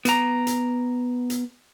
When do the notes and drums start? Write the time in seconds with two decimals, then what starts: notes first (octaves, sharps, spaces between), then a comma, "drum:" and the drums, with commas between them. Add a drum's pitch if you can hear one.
0.05 B3 A#5, drum: hi-hat
0.47 drum: hi-hat
1.30 drum: hi-hat